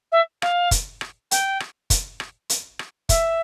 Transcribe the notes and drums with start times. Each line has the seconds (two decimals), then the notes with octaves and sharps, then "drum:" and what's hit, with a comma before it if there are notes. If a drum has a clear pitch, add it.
0.12 E5
0.42 F5, drum: rim click
0.71 drum: kick, hi-hat
1.01 drum: rim click
1.31 G5, drum: hi-hat
1.60 drum: rim click
1.90 drum: kick, hi-hat
2.20 drum: rim click
2.50 drum: hi-hat
2.79 drum: rim click
3.09 E5, drum: kick, hi-hat